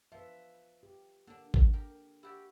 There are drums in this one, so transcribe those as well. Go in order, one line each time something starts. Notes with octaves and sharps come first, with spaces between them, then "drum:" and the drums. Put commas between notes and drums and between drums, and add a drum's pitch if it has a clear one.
F3 B4 E5
G4
D3 A#3 D4
drum: kick G#1
G4 A#4
E4 F#4 G4 D5